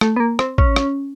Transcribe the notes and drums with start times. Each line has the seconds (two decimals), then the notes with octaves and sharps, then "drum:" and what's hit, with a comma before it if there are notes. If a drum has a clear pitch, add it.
0.01 A3, drum: rim click
0.16 B3
0.20 A#3
0.39 C4, drum: rim click
0.58 C#4, drum: kick A1
0.76 drum: rim click